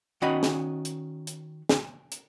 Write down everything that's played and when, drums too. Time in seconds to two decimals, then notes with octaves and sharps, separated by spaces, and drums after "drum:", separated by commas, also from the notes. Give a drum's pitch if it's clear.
0.22 D#3 C#4 F#4 D#5 B5
0.43 drum: snare
0.85 drum: hi-hat
1.27 drum: hi-hat
1.69 drum: snare
2.12 drum: hi-hat